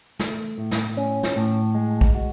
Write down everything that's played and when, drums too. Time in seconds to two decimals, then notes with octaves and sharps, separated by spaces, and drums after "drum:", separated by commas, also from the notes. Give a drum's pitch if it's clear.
0.19 A3, drum: snare
0.58 A2
0.71 drum: snare
0.97 C#4
1.23 drum: snare
1.36 A2
1.75 G#3
2.01 drum: kick A#1
2.14 F#4